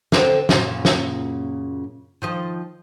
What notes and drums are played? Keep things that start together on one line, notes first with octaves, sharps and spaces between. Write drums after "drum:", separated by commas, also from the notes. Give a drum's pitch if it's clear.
D3 C4, drum: snare
F#2 A#2 C#3, drum: snare
drum: snare
D#3 F3 D#5